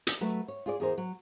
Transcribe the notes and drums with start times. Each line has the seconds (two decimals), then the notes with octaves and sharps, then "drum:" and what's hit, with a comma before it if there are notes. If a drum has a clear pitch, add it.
0.07 drum: hi-hat
0.21 F#3 A3 B4
0.48 C#5
0.66 F4 G#4 D5
0.80 E2 G#4 A#4 C5
0.98 F#3